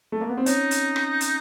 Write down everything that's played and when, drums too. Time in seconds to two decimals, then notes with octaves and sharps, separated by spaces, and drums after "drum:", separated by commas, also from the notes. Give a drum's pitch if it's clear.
0.12 A3
0.21 A#3
0.29 B3
0.37 C4
0.46 C#4 D#4, drum: hi-hat
0.71 drum: hi-hat
0.96 drum: rim click
1.21 drum: hi-hat